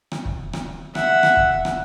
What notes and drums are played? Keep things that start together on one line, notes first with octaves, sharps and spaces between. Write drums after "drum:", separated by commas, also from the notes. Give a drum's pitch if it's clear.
drum: rim click
drum: kick
drum: rim click
E5 F#5, drum: rim click
drum: rim click
drum: kick
drum: rim click